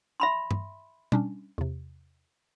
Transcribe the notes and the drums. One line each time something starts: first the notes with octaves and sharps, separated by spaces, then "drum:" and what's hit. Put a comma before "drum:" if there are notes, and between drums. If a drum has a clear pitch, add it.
E5 B5 C6
drum: tom
G3 C#4 D4, drum: tom
E2 C3